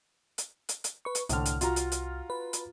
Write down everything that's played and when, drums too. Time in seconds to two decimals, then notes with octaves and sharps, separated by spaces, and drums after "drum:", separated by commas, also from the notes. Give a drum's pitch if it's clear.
0.38 drum: hi-hat
0.69 drum: hi-hat
0.84 drum: hi-hat
1.05 B4 C#6
1.15 drum: hi-hat
1.29 C2 A2 D3 F6, drum: hi-hat
1.46 drum: hi-hat
1.61 F4 F#4 A#5, drum: hi-hat
1.76 drum: hi-hat
1.92 drum: hi-hat
2.30 B4
2.53 drum: hi-hat